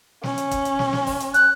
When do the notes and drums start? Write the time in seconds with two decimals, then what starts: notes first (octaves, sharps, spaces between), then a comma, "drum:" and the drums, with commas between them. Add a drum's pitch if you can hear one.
0.23 C#4, drum: snare
0.38 drum: hi-hat
0.51 drum: kick, hi-hat
0.65 drum: hi-hat
0.79 drum: snare
0.93 drum: snare
1.07 drum: kick, open hi-hat
1.20 drum: hi-hat
1.34 F#6, drum: hi-hat